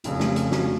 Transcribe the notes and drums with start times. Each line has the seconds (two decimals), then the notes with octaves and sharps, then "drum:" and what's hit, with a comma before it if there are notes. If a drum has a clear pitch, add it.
0.04 F1 F2 C#3 C#4 F4, drum: hi-hat
0.20 A3 C#4, drum: snare
0.36 drum: hi-hat
0.52 D4 F#4, drum: snare